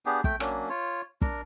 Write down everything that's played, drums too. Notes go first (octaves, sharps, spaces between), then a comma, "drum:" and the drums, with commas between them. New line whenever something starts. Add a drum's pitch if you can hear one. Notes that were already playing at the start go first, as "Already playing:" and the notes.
B3 D4 G4 G#4
A3 G5, drum: kick
F#3 A#3 C#4 D4, drum: rim click
F4 C#5
D4 A#4, drum: kick